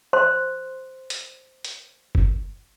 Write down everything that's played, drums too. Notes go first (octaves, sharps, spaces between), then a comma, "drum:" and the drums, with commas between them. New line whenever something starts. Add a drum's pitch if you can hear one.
C5 C6
drum: hi-hat
drum: hi-hat
drum: kick F#1